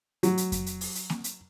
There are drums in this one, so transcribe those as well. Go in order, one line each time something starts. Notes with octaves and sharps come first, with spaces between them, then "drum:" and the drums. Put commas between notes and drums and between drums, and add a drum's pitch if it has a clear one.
F#3, drum: hi-hat
drum: hi-hat
drum: kick F2, hi-hat
drum: hi-hat
drum: open hi-hat
drum: hi-hat
drum: snare A#3
drum: hi-hat